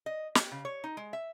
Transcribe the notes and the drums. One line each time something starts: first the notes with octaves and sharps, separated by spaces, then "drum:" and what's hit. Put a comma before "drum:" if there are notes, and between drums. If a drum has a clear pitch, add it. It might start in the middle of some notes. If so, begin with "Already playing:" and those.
D#5
G4, drum: snare
C#3
C#5
D#4
G#3
E5